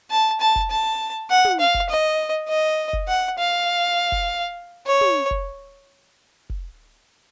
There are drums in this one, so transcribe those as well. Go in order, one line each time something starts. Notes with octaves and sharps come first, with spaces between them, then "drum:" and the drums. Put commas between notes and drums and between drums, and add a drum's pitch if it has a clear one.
A5
A5
drum: kick F1
A5
F#5
drum: tom
F5
drum: kick F1
D#5
D#5
drum: kick F1
F#5
F5
drum: kick F1
C#5
drum: tom
drum: kick F1
drum: kick F1